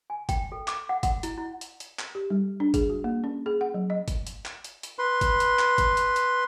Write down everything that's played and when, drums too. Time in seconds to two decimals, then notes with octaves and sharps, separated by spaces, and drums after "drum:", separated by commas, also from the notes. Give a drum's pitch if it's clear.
0.10 G#5
0.29 G5, drum: kick, hi-hat
0.52 A4
0.68 D6, drum: clap
0.89 F#5
1.03 F#5, drum: kick, hi-hat
1.23 E4, drum: hi-hat
1.37 E4
1.61 drum: hi-hat
1.80 drum: hi-hat
1.99 drum: clap
2.15 G4
2.30 G3
2.60 D4
2.74 G#4, drum: kick, hi-hat
2.90 F#4
3.04 A#3
3.24 C#4
3.46 G#4
3.61 F#5
3.74 F#3
3.90 D#5
4.08 drum: kick, hi-hat
4.27 drum: hi-hat
4.46 drum: clap
4.64 drum: hi-hat
4.83 drum: hi-hat
4.99 B4 C6
5.21 drum: kick, hi-hat
5.40 drum: hi-hat
5.59 drum: clap
5.78 drum: kick, hi-hat
5.97 drum: hi-hat
6.16 drum: hi-hat